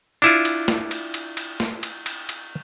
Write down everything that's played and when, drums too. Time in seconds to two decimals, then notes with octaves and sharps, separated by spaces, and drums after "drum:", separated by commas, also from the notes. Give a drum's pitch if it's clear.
0.22 D4 E4 F4, drum: cymbal
0.45 drum: cymbal
0.68 drum: snare
0.91 drum: cymbal
1.14 drum: cymbal
1.37 drum: cymbal
1.60 drum: snare
1.83 drum: cymbal
2.06 drum: cymbal
2.29 drum: cymbal